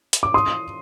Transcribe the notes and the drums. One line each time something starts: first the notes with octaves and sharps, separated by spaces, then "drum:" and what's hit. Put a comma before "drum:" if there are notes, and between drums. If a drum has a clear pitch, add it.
drum: hi-hat
D6
C6 D#6